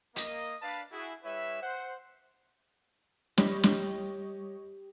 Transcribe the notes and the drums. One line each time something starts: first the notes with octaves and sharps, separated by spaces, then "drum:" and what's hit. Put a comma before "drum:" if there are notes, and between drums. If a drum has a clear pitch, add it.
A#3 D#5, drum: hi-hat
D4 B4 D5 F5 A5 B5
E4 F#4 G#4
G3 E4 B4 C#5 E5
C5 F#5
G3 G4 C#5 D#5 B5, drum: snare
drum: snare